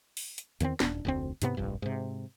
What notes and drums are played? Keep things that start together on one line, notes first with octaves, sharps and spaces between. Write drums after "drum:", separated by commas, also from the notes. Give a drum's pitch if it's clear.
drum: open hi-hat
drum: hi-hat
E2 D#3 A#3 C4, drum: hi-hat
D#1 D4, drum: snare
F1 D2 C4
G#2 C3 B3, drum: hi-hat
F1 A#1 G2
G#2 C3